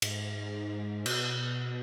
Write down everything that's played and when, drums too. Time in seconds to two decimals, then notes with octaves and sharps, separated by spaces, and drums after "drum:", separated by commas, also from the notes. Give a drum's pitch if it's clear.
0.02 G#2, drum: cymbal
1.06 B2, drum: cymbal